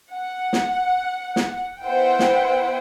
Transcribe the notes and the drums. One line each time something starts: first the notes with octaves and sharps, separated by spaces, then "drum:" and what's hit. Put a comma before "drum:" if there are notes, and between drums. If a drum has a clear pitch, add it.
F#5
drum: snare
drum: snare
B3 E4 C5 F#5 G5
drum: snare